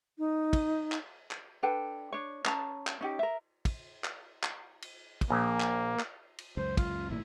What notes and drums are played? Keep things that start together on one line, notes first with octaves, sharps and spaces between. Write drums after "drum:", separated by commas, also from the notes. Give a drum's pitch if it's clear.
D#4
drum: kick, cymbal
drum: clap
drum: clap
D4 A4 B4 G5
D4 C#5
C#4 A5 A#5, drum: clap
drum: clap
C#4 D#4 G4
A#4 E5
drum: kick, cymbal
drum: clap
drum: clap
drum: cymbal
drum: kick, cymbal
A#1 A#3
drum: clap
drum: clap
drum: cymbal
C#2 F#2 C5
F4, drum: kick, cymbal
G#1 A#2 A3 E4